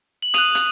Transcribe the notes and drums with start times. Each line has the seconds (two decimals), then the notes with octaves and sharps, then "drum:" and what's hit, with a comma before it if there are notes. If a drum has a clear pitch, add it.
0.22 F#7
0.34 D#6 F#6 D#7 F7, drum: hi-hat
0.55 drum: hi-hat